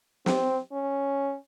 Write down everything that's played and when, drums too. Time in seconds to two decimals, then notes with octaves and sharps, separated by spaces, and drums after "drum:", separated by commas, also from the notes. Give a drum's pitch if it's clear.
0.26 C4, drum: snare
0.72 C#4